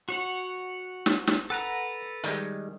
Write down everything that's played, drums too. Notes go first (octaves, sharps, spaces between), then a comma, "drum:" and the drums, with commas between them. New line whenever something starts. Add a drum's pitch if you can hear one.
F#4 C#5 F#5
drum: snare
drum: snare
A4 B4 F#5 A#5
D#3 G3 G#3, drum: hi-hat